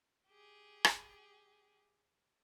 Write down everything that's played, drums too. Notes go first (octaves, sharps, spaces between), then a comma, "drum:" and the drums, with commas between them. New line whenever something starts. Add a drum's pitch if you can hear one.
G4 G#4
drum: rim click